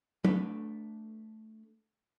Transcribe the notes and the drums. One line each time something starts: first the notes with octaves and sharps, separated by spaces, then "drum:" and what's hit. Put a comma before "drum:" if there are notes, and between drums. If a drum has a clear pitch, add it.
A3 D4 B4, drum: tom